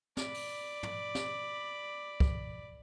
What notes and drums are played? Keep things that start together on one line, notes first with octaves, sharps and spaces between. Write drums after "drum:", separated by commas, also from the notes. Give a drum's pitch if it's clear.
D5 B5, drum: snare
drum: open hi-hat
drum: tom
drum: snare
drum: kick